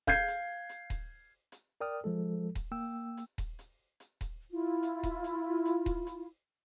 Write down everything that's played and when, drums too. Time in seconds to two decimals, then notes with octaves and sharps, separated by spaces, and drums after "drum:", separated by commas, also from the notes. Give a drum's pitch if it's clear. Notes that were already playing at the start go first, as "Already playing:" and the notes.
0.07 F5 G6 G#6 C7, drum: kick D#1, hi-hat
0.28 drum: hi-hat
0.69 drum: hi-hat
0.90 drum: kick D#1, hi-hat
1.52 drum: hi-hat
1.81 A#4 D5 G5 D#6 F6
2.04 F3 G#3 A4
2.55 drum: kick D#1, hi-hat
2.72 A#3 G5 E6
3.17 drum: hi-hat
3.38 drum: kick D#1, hi-hat
3.59 drum: hi-hat
4.00 drum: hi-hat
4.21 drum: kick D#1, hi-hat
4.51 E4 F4
4.83 drum: hi-hat
5.03 drum: kick D#1, hi-hat
5.24 drum: hi-hat
5.65 drum: hi-hat
5.86 drum: kick D#1, hi-hat
6.07 drum: hi-hat